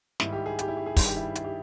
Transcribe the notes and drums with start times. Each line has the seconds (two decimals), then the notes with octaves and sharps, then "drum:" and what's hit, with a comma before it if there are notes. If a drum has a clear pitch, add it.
0.20 G#2 D#3 G3 E4, drum: snare
0.33 G4
0.46 G#4
0.59 G4, drum: hi-hat
0.68 E4
0.77 G4
0.86 G#4
0.97 G2 D#3 G3 G#4, drum: kick, open hi-hat
1.06 G4
1.16 E4
1.35 E4, drum: hi-hat
1.44 G4